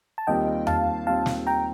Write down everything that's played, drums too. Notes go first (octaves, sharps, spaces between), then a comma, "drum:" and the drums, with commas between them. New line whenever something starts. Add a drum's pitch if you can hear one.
A5
D#2 D#3 G3 C4 F4 D#5 G5
F5 A5, drum: tom E2
D#2 D#3 G3 C4 F4 F5 A5
drum: snare
G5 A#5